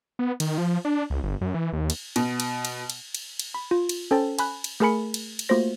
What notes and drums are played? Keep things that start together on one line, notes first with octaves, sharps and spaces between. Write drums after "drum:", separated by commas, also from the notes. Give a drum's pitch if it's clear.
B3
D#3, drum: cymbal
F3
D4
C#2
G1
F#2
E3
D#2
drum: cymbal
B2, drum: cymbal
drum: cymbal
drum: cymbal
drum: cymbal
drum: cymbal
drum: cymbal
B5
F4
drum: cymbal
C#4 A4 C5 G5 A5 A6
G#5 B5 F#6, drum: cymbal
drum: cymbal
A3 G#4 A#4 G#5 B5 C#7
drum: cymbal
drum: cymbal
A3 A#3 F4 F#4 C5 A#6